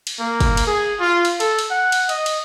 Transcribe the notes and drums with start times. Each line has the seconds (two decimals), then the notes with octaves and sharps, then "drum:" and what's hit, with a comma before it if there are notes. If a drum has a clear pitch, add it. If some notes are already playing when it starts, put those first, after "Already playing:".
0.07 drum: cymbal
0.20 A#3
0.40 drum: kick, cymbal
0.57 drum: cymbal
0.67 G#4
1.00 F4
1.25 drum: cymbal
1.40 A4, drum: cymbal
1.59 drum: cymbal
1.71 F#5
1.92 drum: cymbal
2.09 D#5, drum: cymbal
2.26 drum: cymbal